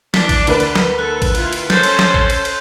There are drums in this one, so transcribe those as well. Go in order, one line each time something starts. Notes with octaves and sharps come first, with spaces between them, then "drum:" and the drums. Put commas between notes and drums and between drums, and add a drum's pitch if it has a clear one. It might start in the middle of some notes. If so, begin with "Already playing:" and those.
E3 D4 B6 G7, drum: snare
drum: kick A1, cymbal
D2 A#4 B4, drum: cymbal
drum: cymbal
drum: snare
A4 F#6
drum: kick A1, cymbal
E4 F4, drum: cymbal
drum: cymbal
C#4 A4 C5 G6 A6, drum: snare
drum: cymbal
drum: snare
drum: kick A1
drum: cymbal
drum: cymbal